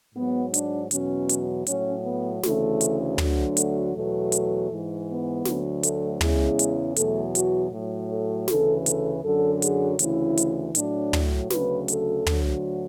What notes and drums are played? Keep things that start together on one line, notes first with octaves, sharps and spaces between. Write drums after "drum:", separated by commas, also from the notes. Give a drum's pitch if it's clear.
G#2 F#3 B3
D4, drum: hi-hat
E2 B2 F#3 C#4, drum: hi-hat
drum: hi-hat
A2 F#3 C#4, drum: hi-hat
B3
D2 C#3 E3 A3, drum: snare
drum: hi-hat
D2 D3 F#3, drum: tom
A3, drum: hi-hat
E2 B2 F#3 A3
drum: hi-hat
G#2 E3
B3
D2 D3 F#3, drum: snare
A3, drum: hi-hat
E2 C#3 E3 G#3, drum: tom
drum: hi-hat
E2 B2 F#3 A3, drum: hi-hat
F#4, drum: hi-hat
A2 F#3
A4
D2 C#3 E3 A4, drum: snare
A4, drum: hi-hat
F#2 D3 F#3 A4
G#4, drum: hi-hat
D2 C#3 E3 E4, drum: hi-hat
drum: hi-hat
A2 F#3 D4, drum: hi-hat
drum: tom
D2 C#3 F#3 B4, drum: snare
A4, drum: hi-hat
D2 D3 F#3, drum: tom